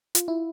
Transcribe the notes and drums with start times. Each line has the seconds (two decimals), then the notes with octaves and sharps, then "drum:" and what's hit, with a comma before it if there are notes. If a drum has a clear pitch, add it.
0.15 F4, drum: hi-hat
0.28 E4